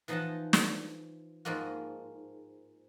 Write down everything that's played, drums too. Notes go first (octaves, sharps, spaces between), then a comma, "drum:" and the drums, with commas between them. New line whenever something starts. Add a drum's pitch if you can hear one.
E3 F3 D#4 D#5 F#5 A5
drum: snare
G#2 F3 G#3 A#3 F#4